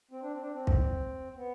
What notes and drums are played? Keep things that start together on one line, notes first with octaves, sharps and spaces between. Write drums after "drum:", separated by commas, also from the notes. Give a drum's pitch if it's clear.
C4
D4
C4
D4
C4
drum: kick
B3